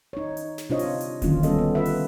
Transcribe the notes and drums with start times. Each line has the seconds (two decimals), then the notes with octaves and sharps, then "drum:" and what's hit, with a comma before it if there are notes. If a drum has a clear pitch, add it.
0.13 D#4 C#5
0.37 drum: hi-hat
0.58 drum: snare
0.70 C3 D4 F4 C5 C#5 D#5
0.79 drum: open hi-hat
1.00 drum: hi-hat
1.22 D3 D#3 F#3 A#3 C#4 F4, drum: kick D1, hi-hat
1.43 G3 B3 C#4 A4 D#5, drum: hi-hat
1.58 B3
1.75 F4 B4 E5
1.86 drum: open hi-hat